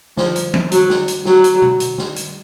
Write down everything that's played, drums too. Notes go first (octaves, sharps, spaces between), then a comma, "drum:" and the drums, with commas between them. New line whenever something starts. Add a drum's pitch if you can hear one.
F3, drum: snare
drum: hi-hat
drum: tom E3
F#3, drum: hi-hat
drum: snare
drum: hi-hat
F#3, drum: snare
drum: hi-hat
drum: tom B2
drum: hi-hat
drum: snare
drum: hi-hat